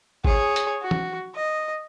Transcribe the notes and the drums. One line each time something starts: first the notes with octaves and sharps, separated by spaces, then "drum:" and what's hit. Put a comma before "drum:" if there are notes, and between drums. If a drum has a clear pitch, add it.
G#4 C#5, drum: kick G#1
drum: hi-hat
F#4
drum: tom
D#5